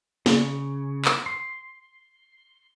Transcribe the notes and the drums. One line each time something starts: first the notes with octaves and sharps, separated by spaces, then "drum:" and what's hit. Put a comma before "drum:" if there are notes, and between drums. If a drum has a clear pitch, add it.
C#3, drum: snare
drum: clap
C6